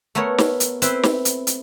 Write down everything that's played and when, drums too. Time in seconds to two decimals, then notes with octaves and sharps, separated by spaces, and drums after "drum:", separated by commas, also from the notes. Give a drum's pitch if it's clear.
0.15 A3 B3 A#4 C#5
0.38 drum: snare
0.60 drum: hi-hat
0.82 C4 E4 B4 C6, drum: hi-hat
1.03 drum: snare
1.25 drum: hi-hat
1.47 drum: hi-hat